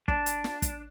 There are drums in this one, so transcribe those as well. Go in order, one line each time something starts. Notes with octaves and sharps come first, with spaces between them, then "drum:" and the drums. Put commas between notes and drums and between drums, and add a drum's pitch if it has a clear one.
D4, drum: kick
drum: hi-hat
drum: snare
drum: kick, hi-hat